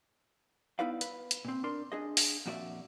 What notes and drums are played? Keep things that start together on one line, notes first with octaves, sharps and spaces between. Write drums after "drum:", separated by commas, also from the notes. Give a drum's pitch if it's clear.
B3 D#4 E4 B4 D5 F5
B4, drum: hi-hat
drum: hi-hat
A#2 C4
D4 A#4 C6
D4 G#4 D#5
drum: open hi-hat
F2 A#2 F#4 D5 E5